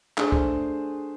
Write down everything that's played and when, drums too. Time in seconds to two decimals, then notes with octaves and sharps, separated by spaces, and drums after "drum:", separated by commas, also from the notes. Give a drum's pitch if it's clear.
0.18 A3 D4 G#4 C5, drum: clap
0.32 drum: kick